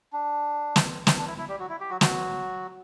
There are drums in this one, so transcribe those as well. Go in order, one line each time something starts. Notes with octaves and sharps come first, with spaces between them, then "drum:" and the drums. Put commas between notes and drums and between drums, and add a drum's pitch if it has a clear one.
D4
drum: snare
C#4, drum: snare
D4
E4
E4
G3 G4
F#3 F#4
E4
G4
F#3 F#4
F#3 F#4, drum: snare